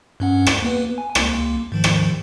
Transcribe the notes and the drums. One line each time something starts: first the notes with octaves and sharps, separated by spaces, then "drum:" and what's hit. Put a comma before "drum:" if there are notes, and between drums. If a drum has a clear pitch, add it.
G2 C#4 F#5
drum: rim click
A#3 B3 B4
G#5
C#2 A#3, drum: rim click
G#2 D#3 F3
drum: rim click